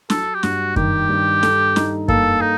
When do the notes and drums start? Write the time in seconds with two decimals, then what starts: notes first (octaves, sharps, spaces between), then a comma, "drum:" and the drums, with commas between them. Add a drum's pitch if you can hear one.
0.10 F#3 A4, drum: snare
0.35 G4
0.43 G2 F#4, drum: snare
0.76 D#3 G4, drum: kick F#2
1.09 G2
1.43 A4, drum: snare
1.76 D#4, drum: snare
2.08 A#3 A4, drum: kick F#2
2.41 D#4 A4